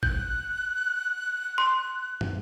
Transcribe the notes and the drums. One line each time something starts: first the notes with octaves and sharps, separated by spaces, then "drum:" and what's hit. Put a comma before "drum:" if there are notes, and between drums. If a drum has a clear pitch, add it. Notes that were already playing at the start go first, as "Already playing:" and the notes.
F#6 G6, drum: kick
C6
drum: tom